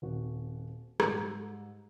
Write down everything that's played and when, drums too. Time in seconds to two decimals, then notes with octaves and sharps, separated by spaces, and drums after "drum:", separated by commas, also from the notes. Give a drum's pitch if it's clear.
0.02 D#1 C4 F#4
1.00 G#2 G3 E6, drum: rim click